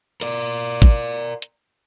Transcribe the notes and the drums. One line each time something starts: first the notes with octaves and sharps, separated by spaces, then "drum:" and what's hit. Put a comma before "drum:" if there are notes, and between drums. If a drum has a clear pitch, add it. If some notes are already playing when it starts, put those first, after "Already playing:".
A#4 D5, drum: hi-hat
drum: kick, hi-hat
drum: hi-hat